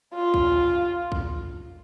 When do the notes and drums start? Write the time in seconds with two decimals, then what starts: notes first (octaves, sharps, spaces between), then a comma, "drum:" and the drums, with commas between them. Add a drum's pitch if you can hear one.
0.14 F4
0.34 drum: kick
1.12 drum: kick